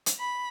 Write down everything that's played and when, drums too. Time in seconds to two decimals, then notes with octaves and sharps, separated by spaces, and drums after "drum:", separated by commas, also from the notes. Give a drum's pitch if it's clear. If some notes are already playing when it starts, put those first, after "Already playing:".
0.06 drum: hi-hat
0.19 B5